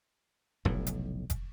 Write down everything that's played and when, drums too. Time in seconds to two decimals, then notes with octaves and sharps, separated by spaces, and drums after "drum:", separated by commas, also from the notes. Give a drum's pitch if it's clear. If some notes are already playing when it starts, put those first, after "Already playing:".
0.65 F1 B1 A2, drum: kick F1
0.87 drum: hi-hat
1.30 drum: kick F1, hi-hat